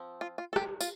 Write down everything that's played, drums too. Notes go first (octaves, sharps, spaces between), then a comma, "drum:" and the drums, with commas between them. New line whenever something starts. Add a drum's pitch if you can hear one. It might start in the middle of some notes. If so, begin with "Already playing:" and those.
Already playing: F3 C4
F4
F4
A4
G4, drum: rim click
F4, drum: tambourine